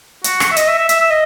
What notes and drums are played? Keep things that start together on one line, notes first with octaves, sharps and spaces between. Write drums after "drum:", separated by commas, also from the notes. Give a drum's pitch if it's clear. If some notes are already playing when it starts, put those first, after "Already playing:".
F#4, drum: hi-hat
drum: rim click
E5
D#5, drum: hi-hat
E5
E5
E5, drum: hi-hat
E5
D#5